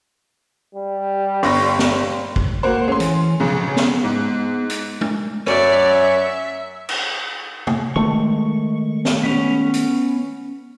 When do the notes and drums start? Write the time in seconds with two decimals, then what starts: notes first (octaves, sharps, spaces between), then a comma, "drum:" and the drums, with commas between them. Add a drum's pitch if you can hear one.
0.75 G3
1.43 G1 C#6 A#6, drum: open hi-hat
1.79 drum: snare
2.36 drum: kick
2.63 A#3 F#4 C5
2.88 A3 C#4 G#4 C6
3.00 E3 G#5, drum: hi-hat
3.40 B1 C#3 F3 C#4
3.77 B3, drum: snare
4.04 G#2
4.70 drum: hi-hat
5.01 drum: tom G#3
5.46 F#2 C#5 D5 E5, drum: rim click
5.88 E5
6.89 drum: cymbal
7.67 drum: tom
7.96 D#3 G#3 A3 C#6
9.05 drum: snare
9.23 B3 C#4
9.74 drum: hi-hat